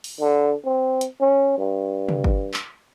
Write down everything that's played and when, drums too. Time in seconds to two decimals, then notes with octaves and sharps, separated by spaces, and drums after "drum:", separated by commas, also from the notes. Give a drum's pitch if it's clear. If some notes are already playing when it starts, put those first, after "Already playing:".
0.04 drum: open hi-hat
0.20 D3
0.65 C4
1.01 drum: hi-hat
1.21 C#4
1.58 G2
2.09 drum: tom C3
2.24 drum: kick
2.54 drum: clap